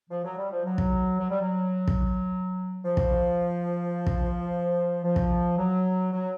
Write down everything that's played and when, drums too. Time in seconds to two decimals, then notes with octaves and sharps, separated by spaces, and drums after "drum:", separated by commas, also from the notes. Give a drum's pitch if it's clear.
0.10 F3
0.24 F#3
0.37 G3
0.51 F3
0.65 F#3
0.78 drum: kick
1.20 F#3
1.30 G3
1.40 F#3
1.88 drum: kick
2.84 F3
2.97 drum: kick
4.07 drum: kick
5.02 F3
5.16 drum: kick
5.57 F#3
6.12 F#3